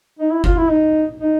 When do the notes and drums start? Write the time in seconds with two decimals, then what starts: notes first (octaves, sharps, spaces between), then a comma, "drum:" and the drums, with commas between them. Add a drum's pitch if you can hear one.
0.19 D#4
0.31 E4
0.44 F4, drum: kick F#1
0.57 E4
0.69 D#4
1.20 D#4